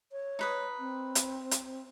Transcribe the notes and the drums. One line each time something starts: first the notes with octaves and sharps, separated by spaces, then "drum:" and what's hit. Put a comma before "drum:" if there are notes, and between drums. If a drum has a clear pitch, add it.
C#5
D#4 B4 D#6
C4
drum: hi-hat
drum: hi-hat